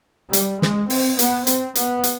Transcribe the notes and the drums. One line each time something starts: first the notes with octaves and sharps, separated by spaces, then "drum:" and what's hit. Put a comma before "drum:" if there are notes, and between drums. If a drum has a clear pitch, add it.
G3, drum: hi-hat
G#3, drum: snare
C4, drum: open hi-hat
B3, drum: hi-hat
C4, drum: hi-hat
B3, drum: hi-hat
drum: hi-hat